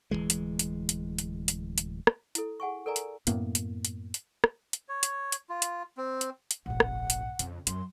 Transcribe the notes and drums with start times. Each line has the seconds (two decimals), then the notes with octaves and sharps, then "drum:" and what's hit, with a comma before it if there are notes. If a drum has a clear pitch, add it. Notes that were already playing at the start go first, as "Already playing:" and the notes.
0.11 D1 C2 E3 G#3
0.30 drum: hi-hat
0.59 drum: hi-hat
0.89 drum: hi-hat
1.19 drum: hi-hat
1.48 drum: hi-hat
1.78 drum: hi-hat
2.07 drum: rim click
2.35 E4 A4, drum: hi-hat
2.60 G#4 F#5 G#5 C#6
2.86 A4 A#4 D5 G#5 A#5
2.96 drum: hi-hat
3.27 F#2 A2 A#3 B3, drum: hi-hat
3.55 drum: hi-hat
3.85 drum: hi-hat
4.14 drum: hi-hat
4.44 drum: rim click
4.73 drum: hi-hat
4.89 C#5
5.03 drum: hi-hat
5.32 drum: hi-hat
5.49 F4
5.62 drum: hi-hat
5.97 C4
6.21 drum: hi-hat
6.51 drum: hi-hat
6.66 F1 A#1 G#2 F#5
6.80 drum: rim click
7.10 drum: hi-hat
7.39 F2 C#3, drum: hi-hat
7.67 F#2 F#3 C6, drum: hi-hat